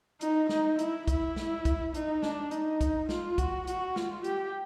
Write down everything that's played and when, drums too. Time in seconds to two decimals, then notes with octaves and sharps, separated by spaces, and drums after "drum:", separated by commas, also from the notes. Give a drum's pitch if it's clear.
0.21 D#4, drum: hi-hat
0.49 D#4, drum: snare
0.79 E4, drum: hi-hat
1.08 E4, drum: kick, hi-hat
1.36 drum: snare
1.65 drum: kick, hi-hat
1.94 D#4, drum: hi-hat
2.22 D4, drum: snare
2.51 D#4, drum: hi-hat
2.81 drum: kick, hi-hat
3.09 F4, drum: snare
3.38 F#4, drum: kick, hi-hat
3.67 F#4, drum: hi-hat
3.96 F4, drum: snare
4.24 G4, drum: hi-hat